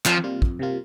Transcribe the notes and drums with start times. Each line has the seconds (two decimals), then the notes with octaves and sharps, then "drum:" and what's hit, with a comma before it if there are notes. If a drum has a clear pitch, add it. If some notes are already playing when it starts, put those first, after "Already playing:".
0.05 F2 F3, drum: clap
0.24 C3 G3 A#3 F4
0.42 F2, drum: kick
0.59 C3 G3 A#3 F4